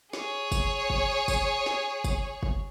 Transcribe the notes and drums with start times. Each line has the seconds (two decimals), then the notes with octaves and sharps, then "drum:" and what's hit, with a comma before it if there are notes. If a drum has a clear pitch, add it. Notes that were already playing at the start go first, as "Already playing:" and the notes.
0.13 G#4 C#5, drum: snare
0.52 drum: kick, tambourine
0.90 drum: kick
1.28 drum: kick, tambourine
1.66 drum: snare
2.04 drum: kick, tambourine
2.43 drum: kick